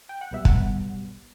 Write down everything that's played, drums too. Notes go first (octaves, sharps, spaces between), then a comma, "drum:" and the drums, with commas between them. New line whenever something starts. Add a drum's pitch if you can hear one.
G5
F#5
B1 B2 G3 B3 E5
F#5, drum: kick